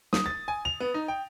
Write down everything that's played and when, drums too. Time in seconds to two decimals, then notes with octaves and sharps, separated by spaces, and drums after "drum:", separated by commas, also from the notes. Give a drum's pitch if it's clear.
0.13 D#6, drum: snare
0.26 A6
0.48 G#5
0.65 F7
0.80 B3
0.94 D#4
1.08 G5